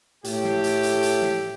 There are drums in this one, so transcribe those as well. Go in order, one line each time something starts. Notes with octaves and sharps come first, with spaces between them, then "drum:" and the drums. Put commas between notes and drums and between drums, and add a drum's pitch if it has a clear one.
A2 A3 G4, drum: hi-hat
drum: snare
drum: hi-hat
drum: hi-hat
drum: hi-hat
drum: snare